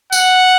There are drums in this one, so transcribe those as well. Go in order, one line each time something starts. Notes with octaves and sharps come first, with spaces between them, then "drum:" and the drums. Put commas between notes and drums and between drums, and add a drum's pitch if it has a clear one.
F#5, drum: tambourine